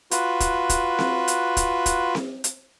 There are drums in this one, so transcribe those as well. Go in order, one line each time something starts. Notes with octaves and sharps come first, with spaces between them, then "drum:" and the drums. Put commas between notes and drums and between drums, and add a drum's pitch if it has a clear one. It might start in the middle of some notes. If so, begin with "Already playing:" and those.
F4 F#4 B4, drum: hi-hat
drum: kick, hi-hat
drum: kick, hi-hat
drum: snare C4
drum: hi-hat
drum: kick, hi-hat
drum: kick, hi-hat
drum: snare C4
drum: hi-hat